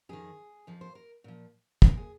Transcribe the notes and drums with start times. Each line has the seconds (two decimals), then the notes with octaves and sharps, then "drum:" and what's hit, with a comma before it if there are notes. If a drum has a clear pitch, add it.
0.09 F2 D#3 G#4
0.67 F2 F3
0.81 C5
0.95 A#4
1.24 A#2 F3
1.82 A#2 F3 A#4, drum: kick
1.97 G#4